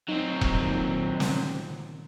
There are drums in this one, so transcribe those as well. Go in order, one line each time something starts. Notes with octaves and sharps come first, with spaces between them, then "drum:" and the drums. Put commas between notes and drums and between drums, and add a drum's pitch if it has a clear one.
F#3 C4 D#4
drum: kick E1
A#2 D#3
drum: snare